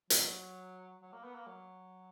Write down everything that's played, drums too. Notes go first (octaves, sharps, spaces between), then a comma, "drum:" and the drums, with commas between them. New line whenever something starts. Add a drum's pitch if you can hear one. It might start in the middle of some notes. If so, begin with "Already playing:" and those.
F#3, drum: hi-hat
F#3
A#3
B3
A#3
F#3